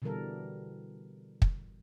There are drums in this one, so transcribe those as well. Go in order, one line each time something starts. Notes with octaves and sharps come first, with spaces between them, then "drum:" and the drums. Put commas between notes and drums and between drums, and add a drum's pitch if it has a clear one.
B2 D3 E3 G3 A4 A#4
drum: kick